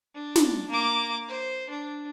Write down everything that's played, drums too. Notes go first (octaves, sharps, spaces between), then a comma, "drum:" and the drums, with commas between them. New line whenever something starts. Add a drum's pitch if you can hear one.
D4
drum: snare
A#3 D6
C5
D4